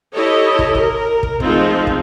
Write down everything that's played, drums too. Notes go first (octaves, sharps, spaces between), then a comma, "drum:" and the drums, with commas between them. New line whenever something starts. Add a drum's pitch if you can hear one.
E4 G4 A4 C#5 D#5
drum: kick
A#4, drum: kick
drum: kick
F3 G#3 A3 C4 D#4 F4, drum: kick
drum: kick